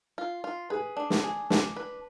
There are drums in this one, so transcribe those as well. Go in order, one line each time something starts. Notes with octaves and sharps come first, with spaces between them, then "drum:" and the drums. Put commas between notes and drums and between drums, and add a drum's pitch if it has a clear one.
F4
F4
G#4 B4
D4
drum: snare
G#4
D4, drum: snare
B4